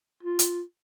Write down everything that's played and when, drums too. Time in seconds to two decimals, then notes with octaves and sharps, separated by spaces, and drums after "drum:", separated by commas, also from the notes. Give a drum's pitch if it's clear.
0.23 F4
0.39 drum: hi-hat